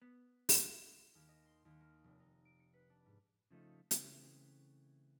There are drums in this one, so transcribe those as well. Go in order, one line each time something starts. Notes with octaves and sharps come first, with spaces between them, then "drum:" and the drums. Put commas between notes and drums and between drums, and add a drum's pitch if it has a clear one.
B3
drum: open hi-hat
D#2
D#5
C6
D#2
A#3
F1
D#4
D7
C#7
B4
D4
G#2
C#3 F3 A3 D#4
C#3 E3 A3 C4, drum: hi-hat